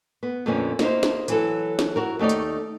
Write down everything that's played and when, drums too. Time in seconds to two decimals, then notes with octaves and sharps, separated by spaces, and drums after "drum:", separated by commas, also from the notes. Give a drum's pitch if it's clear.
0.23 B3
0.46 F2 A#2 D3 A#3 B3 C#4
0.79 A#3 D#4 E4 C5, drum: snare
1.03 drum: snare
1.28 E3 F#3 A4, drum: hi-hat
1.79 drum: snare
1.96 E4 F#4 A#4
2.19 D#2 A3 D#4 C#5 D5
2.29 drum: hi-hat